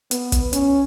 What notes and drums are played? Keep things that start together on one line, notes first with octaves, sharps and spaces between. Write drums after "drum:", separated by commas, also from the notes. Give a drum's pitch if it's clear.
B3, drum: hi-hat
drum: kick, hi-hat
C#4, drum: hi-hat